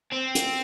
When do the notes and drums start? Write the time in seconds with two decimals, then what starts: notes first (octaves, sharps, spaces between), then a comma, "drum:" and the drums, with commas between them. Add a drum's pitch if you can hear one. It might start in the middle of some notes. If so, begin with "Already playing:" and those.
0.12 C4
0.35 drum: hi-hat